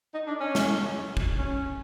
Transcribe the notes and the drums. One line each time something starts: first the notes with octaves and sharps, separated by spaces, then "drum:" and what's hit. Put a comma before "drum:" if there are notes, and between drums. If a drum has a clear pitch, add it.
D#4
D4
C#4
drum: snare
drum: kick
C#4